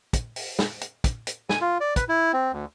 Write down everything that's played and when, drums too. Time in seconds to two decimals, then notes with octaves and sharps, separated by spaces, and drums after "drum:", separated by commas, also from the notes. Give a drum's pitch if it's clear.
0.13 drum: kick, hi-hat
0.36 drum: open hi-hat
0.59 drum: snare
0.81 drum: hi-hat
1.04 drum: kick, hi-hat
1.27 drum: hi-hat
1.49 G#5, drum: snare
1.61 F4
1.81 D5
1.96 B4, drum: kick, hi-hat
2.09 E4
2.33 C4
2.53 D2